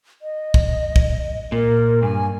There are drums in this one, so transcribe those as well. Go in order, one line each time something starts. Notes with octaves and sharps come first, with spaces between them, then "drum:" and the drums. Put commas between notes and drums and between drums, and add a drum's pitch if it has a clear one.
D#5
drum: kick
drum: kick
A#2 A#4
G2 G#5